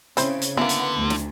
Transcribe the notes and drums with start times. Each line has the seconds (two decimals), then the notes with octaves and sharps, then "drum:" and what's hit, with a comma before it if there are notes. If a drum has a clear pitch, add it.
0.17 C#3 C4 E4 C5, drum: hi-hat
0.42 drum: hi-hat
0.57 D3 E3 A#3 B3
0.69 drum: hi-hat
0.96 D2
1.10 drum: snare